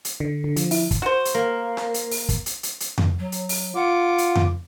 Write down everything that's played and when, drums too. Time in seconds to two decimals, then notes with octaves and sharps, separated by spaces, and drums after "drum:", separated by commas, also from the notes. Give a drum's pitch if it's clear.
0.05 drum: hi-hat
0.20 D3
0.44 D3
0.56 F3, drum: hi-hat
0.71 E4, drum: open hi-hat
0.91 drum: kick, hi-hat
1.02 F#4 C5
1.25 drum: hi-hat
1.34 A#3
1.77 drum: snare
1.94 drum: hi-hat
2.11 drum: open hi-hat
2.29 drum: kick, hi-hat
2.46 drum: hi-hat
2.63 drum: hi-hat
2.80 drum: hi-hat
2.98 drum: tom F2
3.19 F#3
3.32 drum: hi-hat
3.49 drum: open hi-hat
3.75 F4 F#5 D6
4.18 drum: hi-hat
4.35 drum: tom F2